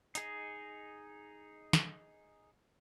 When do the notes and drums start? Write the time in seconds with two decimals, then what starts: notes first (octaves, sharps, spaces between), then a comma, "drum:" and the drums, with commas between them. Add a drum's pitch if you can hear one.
0.15 D#4 G#4 D#5, drum: hi-hat
1.73 drum: snare